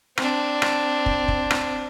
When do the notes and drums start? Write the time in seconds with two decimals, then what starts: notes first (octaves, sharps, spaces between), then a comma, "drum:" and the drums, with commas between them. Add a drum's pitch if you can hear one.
0.17 C4 D4, drum: rim click
0.62 drum: rim click
1.06 drum: kick
1.28 drum: kick
1.51 drum: rim click